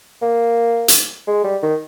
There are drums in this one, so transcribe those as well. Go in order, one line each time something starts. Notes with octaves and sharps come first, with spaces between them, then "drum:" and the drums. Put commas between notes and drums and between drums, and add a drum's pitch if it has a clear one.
A#3
drum: hi-hat
G#3
G3
D#3